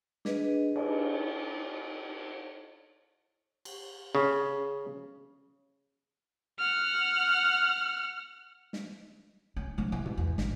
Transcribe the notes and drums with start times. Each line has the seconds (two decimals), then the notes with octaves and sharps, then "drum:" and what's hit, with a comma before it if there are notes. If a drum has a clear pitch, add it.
0.25 D4 G#4 B4 D#5, drum: snare
0.76 drum: cymbal
3.65 drum: cymbal
4.15 C#3
6.59 F#5 F6
8.73 drum: snare
9.56 C#4
9.78 F3 D4
9.92 E3
10.06 drum: tom
10.17 E2
10.38 G#1, drum: snare